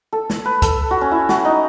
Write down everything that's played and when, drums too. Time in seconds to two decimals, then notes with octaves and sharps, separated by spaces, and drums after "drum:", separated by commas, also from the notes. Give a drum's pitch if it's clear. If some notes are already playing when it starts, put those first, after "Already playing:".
0.13 A4
0.30 drum: snare
0.46 B4
0.62 A4, drum: kick, hi-hat
0.91 F#4
1.01 C#4
1.12 E4
1.29 F#4, drum: snare
1.45 D#4